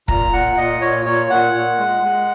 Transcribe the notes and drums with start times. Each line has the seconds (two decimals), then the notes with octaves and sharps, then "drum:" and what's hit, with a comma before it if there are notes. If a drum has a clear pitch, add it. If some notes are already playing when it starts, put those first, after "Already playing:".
0.08 A#2 A#5, drum: kick
0.32 A#2 F#5
0.57 A#2 D#5
0.81 A#2 C#5
1.05 A#2 C#5
1.30 A#2 F#5
1.54 A#2
1.78 G#3
2.03 G#3